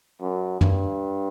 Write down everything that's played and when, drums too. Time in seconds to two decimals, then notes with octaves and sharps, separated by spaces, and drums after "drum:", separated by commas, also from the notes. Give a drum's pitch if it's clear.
0.21 F#2
0.61 G2, drum: tom